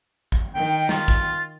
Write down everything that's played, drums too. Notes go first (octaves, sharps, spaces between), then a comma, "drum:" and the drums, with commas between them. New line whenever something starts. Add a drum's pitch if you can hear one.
drum: kick
D#3 G5
F4, drum: snare
drum: kick